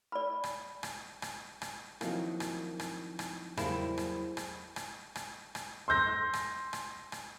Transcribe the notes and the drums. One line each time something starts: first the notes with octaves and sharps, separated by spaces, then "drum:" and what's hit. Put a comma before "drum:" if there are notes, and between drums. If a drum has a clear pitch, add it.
D5 B5
drum: rim click
drum: rim click
drum: rim click
drum: rim click
D#3 F3 F#3 A#3 C4 E4, drum: rim click
drum: rim click
drum: rim click
drum: rim click
E2 C#3 F#3 G3 A#3 E4 C5, drum: rim click
drum: rim click
drum: rim click
drum: rim click
drum: rim click
drum: rim click
C6 E6 G6 A#6
drum: rim click
drum: rim click
drum: rim click